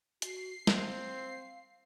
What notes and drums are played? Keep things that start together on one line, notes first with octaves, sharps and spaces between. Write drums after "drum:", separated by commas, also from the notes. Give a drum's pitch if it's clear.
F#4 C7, drum: hi-hat
C4 F5, drum: snare